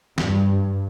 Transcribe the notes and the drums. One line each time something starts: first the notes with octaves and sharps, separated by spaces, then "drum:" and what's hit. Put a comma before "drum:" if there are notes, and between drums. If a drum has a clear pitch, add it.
G2, drum: snare